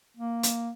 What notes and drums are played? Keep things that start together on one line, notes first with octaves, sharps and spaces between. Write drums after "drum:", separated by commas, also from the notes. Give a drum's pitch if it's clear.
A#3
drum: hi-hat